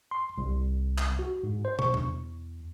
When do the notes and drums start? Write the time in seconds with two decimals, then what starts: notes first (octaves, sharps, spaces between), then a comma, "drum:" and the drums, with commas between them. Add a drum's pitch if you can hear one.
0.11 C6
0.38 C2
0.98 drum: clap
1.19 F#4
1.43 G#2
1.65 C5
1.79 C#6, drum: tom
1.94 E2, drum: tom B2